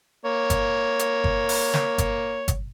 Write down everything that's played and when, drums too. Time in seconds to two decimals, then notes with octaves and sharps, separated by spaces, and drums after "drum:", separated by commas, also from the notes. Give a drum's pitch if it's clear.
0.25 A#3 C#5
0.50 drum: kick G1, hi-hat
0.99 drum: hi-hat
1.24 drum: kick G1
1.49 drum: open hi-hat
1.74 drum: snare
1.98 drum: kick G1, hi-hat
2.48 drum: kick G1, hi-hat